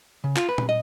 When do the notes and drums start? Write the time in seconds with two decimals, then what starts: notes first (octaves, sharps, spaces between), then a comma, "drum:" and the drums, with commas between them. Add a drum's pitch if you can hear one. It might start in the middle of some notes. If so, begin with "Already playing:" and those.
0.24 C#3
0.37 F4, drum: clap
0.49 B4
0.58 drum: tom A#2
0.69 D#5